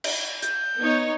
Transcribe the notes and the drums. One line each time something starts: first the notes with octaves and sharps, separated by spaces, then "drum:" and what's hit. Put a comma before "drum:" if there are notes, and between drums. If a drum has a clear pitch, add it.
drum: cymbal
G6, drum: hi-hat
B3 D#4 C#5